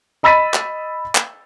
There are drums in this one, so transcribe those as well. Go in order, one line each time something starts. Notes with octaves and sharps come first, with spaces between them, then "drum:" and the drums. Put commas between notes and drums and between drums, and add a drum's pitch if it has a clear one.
D#5 B5 E6 A6 B6 D#7
drum: clap
drum: clap